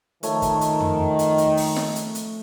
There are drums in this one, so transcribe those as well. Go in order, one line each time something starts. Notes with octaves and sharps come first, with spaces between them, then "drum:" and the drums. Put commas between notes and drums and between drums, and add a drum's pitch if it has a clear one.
D#3 F3 A3 C#5, drum: hi-hat
drum: kick, hi-hat
drum: hi-hat
drum: tom
drum: hi-hat
drum: hi-hat
drum: open hi-hat
drum: snare
drum: hi-hat
drum: hi-hat